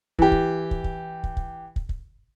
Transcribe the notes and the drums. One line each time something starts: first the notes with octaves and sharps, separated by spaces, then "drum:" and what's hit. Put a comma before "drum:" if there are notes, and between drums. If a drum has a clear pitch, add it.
E3 G4, drum: kick
drum: kick
drum: kick
drum: kick
drum: kick
drum: kick
drum: kick
drum: kick